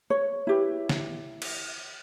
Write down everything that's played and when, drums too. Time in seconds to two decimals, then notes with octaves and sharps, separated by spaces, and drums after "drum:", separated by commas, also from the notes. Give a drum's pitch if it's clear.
0.10 C#5
0.47 E4 G4 B4
0.89 drum: snare
1.42 drum: cymbal